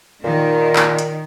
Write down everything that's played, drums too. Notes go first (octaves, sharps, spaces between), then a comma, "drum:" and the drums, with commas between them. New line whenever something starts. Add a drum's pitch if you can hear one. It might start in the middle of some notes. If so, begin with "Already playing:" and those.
A#2 D#3
drum: clap
drum: hi-hat